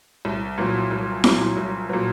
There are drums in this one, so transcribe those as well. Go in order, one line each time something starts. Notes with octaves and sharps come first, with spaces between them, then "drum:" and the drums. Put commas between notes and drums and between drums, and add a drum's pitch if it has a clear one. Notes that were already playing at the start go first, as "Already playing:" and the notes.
C2
A#2 F#3
C2
A#2 F#3, drum: snare E4
C2
A#2 F#3